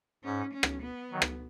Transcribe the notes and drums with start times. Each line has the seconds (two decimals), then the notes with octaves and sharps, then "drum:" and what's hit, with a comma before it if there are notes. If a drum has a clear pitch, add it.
0.24 G#2 C#4
0.53 C#4
0.63 drum: rim click
0.82 B3
1.12 D#3 F#3
1.22 drum: rim click